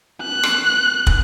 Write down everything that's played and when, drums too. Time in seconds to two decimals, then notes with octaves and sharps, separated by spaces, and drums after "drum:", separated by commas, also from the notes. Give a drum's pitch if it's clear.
0.22 F#6
0.43 drum: rim click
1.07 drum: kick